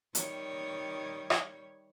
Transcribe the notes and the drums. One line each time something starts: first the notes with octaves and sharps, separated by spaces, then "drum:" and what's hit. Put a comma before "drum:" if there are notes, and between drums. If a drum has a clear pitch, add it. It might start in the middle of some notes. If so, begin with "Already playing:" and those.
D#3 G3 C#5, drum: hi-hat
drum: rim click